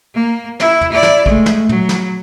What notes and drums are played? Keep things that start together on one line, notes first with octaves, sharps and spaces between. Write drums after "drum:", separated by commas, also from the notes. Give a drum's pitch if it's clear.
A#3
E4, drum: snare
drum: tom
E4 D5
drum: snare
G#3 A3, drum: kick
drum: snare
F#3, drum: tom
drum: snare